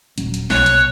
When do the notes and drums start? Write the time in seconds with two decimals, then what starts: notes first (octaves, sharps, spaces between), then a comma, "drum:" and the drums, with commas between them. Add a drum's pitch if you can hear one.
0.18 D#1 F#3 C#4, drum: hi-hat
0.34 drum: hi-hat
0.50 B1 B2 C#5 F#6, drum: snare
0.66 drum: hi-hat